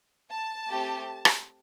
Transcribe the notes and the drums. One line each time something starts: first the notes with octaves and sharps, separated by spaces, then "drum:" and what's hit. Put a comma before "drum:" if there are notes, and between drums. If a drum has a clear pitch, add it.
A5
A3 C4 G4
drum: rim click